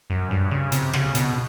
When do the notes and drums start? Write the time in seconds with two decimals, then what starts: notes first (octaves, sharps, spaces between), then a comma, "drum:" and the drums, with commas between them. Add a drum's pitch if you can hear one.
0.10 F#2
0.31 G2
0.51 C#3
0.72 C3, drum: hi-hat
0.93 C#3, drum: rim click
1.15 B2, drum: hi-hat